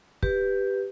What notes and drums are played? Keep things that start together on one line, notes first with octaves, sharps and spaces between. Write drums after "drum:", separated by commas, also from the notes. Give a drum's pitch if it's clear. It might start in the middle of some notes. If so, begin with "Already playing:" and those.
G4 B4, drum: kick